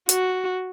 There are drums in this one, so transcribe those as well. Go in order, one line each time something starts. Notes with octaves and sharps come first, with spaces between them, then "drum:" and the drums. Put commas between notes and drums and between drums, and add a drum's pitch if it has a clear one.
F#4, drum: hi-hat